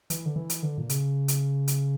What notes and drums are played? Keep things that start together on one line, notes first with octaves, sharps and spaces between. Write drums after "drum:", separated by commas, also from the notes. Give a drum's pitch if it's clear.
E3, drum: hi-hat
D3
E3
drum: hi-hat
D3
A#2
C#3, drum: hi-hat
drum: hi-hat
drum: hi-hat